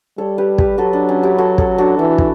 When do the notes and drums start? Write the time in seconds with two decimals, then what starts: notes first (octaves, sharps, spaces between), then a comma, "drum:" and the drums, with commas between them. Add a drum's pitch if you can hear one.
0.18 G3 A4 C#5
0.38 G4 B4
0.58 G4 B4, drum: kick
0.78 F#3 F#4 A4
0.93 D4
1.09 C#4
1.23 E4 G4
1.38 F#4 A4
1.58 A4 C#5, drum: kick
1.78 D4 F#4
1.98 E3 E4
2.18 drum: kick